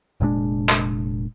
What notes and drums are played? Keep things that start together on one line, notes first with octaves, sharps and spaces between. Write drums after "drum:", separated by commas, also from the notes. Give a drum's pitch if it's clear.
F1 A#2 G#3 D4
drum: clap